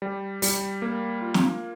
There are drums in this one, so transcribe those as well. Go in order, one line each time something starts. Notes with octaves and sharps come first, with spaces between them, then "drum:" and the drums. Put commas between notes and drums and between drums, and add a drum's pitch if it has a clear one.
G3
G3, drum: open hi-hat
A#3
F4
drum: snare